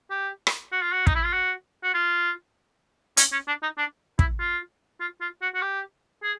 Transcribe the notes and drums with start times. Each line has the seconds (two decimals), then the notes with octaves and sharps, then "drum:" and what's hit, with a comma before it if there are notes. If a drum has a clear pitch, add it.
0.10 G4
0.47 drum: rim click
0.72 F#4
0.82 F4
0.93 F#4
1.07 D#4, drum: kick
1.15 E4
1.24 F4
1.33 F#4
1.83 F#4
1.94 F4
3.17 C#4, drum: hi-hat
3.32 C#4
3.48 D4
3.63 D#4
3.78 D4
4.19 E4, drum: kick
4.40 F4
5.00 F4
5.21 F4
5.42 F#4
5.55 F#4
5.62 G4
6.23 G#4